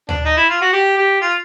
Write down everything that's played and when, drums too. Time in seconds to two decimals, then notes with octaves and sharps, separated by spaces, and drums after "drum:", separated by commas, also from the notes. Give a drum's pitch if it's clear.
0.09 D4, drum: tom
0.25 D#4
0.37 E4
0.49 F4
0.61 F#4
0.73 G4
0.98 G4
1.21 F4